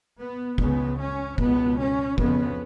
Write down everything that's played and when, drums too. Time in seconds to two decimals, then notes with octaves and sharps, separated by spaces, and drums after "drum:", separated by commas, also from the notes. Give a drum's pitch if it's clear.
0.19 B3
0.58 C#2 C#3 B3, drum: kick
0.99 C#4
1.38 C#2 B2 B3, drum: kick
1.78 C#4
2.18 F2 C#3 B3, drum: kick